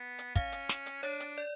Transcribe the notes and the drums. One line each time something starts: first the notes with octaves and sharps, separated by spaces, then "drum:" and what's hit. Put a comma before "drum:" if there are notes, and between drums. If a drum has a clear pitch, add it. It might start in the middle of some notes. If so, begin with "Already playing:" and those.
Already playing: B3
drum: hi-hat
C#4 F5, drum: kick, hi-hat
drum: hi-hat
drum: snare
drum: hi-hat
D4 C#5, drum: hi-hat
drum: hi-hat
D5